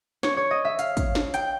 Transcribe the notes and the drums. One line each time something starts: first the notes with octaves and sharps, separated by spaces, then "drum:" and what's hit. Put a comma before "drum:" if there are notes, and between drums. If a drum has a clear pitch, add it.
C#5, drum: snare
C#5
D#5
E5
F5, drum: hi-hat
drum: kick, hi-hat
drum: snare
G5, drum: hi-hat